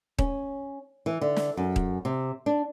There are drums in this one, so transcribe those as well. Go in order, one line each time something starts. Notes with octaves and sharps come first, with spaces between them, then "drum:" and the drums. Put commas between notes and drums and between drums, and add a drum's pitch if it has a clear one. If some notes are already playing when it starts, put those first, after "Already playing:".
C#4, drum: kick D#1
E3
D3
drum: snare
F#2
drum: kick D#1
C3
D4